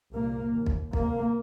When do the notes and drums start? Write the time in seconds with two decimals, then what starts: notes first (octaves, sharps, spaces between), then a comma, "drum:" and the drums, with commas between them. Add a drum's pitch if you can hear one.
0.12 C2 A#2 A#3
0.53 D#2
0.66 drum: kick
0.93 D2 C3 A#3, drum: kick